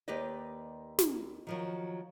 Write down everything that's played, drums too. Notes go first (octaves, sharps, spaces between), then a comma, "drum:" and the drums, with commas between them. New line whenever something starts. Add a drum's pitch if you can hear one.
D#2 D#3 G4 B4 D5 D#5
drum: snare
D#3 F3 F#3